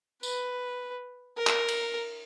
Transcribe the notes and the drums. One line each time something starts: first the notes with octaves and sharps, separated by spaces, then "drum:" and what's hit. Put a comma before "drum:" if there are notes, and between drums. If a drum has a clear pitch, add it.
B4, drum: tambourine
A#4
drum: clap
drum: cymbal